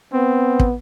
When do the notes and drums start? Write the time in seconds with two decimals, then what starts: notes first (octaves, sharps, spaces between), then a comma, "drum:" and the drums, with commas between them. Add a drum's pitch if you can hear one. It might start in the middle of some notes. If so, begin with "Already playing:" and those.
0.14 B3 C4
0.60 drum: kick